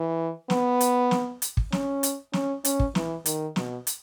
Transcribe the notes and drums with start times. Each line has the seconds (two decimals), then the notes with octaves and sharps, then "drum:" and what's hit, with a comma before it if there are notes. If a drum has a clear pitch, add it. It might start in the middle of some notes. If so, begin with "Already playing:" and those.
Already playing: E3
0.50 B3, drum: snare
0.81 drum: hi-hat
1.11 drum: snare
1.42 drum: hi-hat
1.57 drum: kick
1.72 C#4, drum: snare
2.03 drum: hi-hat
2.33 C#4, drum: snare
2.65 C#4, drum: hi-hat
2.80 drum: kick
2.95 E3, drum: snare
3.26 D#3, drum: hi-hat
3.56 B2, drum: snare
3.87 drum: hi-hat